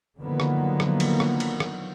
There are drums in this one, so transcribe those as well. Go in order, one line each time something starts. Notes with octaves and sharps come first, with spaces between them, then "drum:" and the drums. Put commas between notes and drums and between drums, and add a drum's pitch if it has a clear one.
D3 D#3 F3 F#3 A#3 B3
drum: rim click
drum: rim click
drum: cymbal
drum: rim click
drum: cymbal
drum: rim click